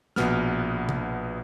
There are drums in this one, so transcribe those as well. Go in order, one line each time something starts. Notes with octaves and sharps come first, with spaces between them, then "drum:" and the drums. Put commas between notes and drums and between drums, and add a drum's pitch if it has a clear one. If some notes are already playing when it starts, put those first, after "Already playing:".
A#1 B2 B3 F6, drum: snare
drum: tom C3